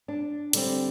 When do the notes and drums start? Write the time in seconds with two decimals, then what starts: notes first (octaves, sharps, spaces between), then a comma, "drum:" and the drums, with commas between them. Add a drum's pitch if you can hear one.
0.08 D4
0.53 D3 G3 C4, drum: hi-hat